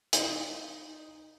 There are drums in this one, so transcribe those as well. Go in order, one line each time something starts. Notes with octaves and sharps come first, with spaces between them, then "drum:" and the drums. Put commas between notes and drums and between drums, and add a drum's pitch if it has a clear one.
D#4, drum: hi-hat